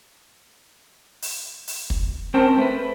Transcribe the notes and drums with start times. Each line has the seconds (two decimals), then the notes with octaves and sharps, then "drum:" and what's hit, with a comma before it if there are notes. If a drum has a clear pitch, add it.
1.22 drum: open hi-hat
1.68 drum: open hi-hat
1.90 drum: kick
2.34 C4 C#4 A#4 C5 G5 A5
2.58 A3 B4